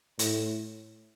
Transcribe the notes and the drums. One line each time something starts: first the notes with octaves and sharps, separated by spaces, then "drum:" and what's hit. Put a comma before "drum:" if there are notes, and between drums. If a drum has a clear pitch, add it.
A2, drum: hi-hat